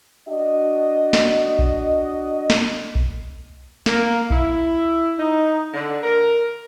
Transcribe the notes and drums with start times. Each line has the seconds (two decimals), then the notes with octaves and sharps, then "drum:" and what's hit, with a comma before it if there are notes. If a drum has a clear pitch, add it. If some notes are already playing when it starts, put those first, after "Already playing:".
0.27 D4 F#4 D#5
1.13 drum: snare
1.59 drum: kick B1
2.50 drum: snare
2.95 drum: kick B1
3.86 A#3, drum: snare
4.30 E4, drum: kick B1
5.18 D#4
5.73 D3
6.03 A#4